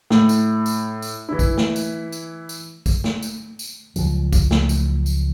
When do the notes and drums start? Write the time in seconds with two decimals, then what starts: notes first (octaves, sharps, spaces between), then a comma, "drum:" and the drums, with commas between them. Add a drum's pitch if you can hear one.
0.10 A2, drum: snare
0.29 drum: tambourine
0.66 drum: tambourine
1.02 drum: tambourine
1.29 E3 E4
1.39 drum: kick, tambourine
1.57 drum: snare
1.76 drum: tambourine
2.12 drum: tambourine
2.49 drum: tambourine
2.86 drum: kick, tambourine
3.04 drum: snare
3.22 drum: tambourine
3.59 drum: tambourine
3.96 C#2 F3 F#3, drum: tambourine
4.33 drum: kick, tambourine
4.51 drum: snare
4.69 drum: tambourine
5.06 drum: tambourine